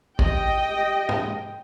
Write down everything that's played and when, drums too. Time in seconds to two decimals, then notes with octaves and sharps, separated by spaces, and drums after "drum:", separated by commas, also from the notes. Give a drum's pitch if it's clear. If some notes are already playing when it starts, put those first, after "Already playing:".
0.19 G4 D#5 G5, drum: kick
1.09 drum: tom G#2